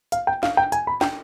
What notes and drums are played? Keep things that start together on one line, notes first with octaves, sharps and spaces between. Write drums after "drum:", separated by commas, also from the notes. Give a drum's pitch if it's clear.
F5, drum: hi-hat
G5
F5, drum: snare
G5
G#5, drum: hi-hat
B5
G5, drum: snare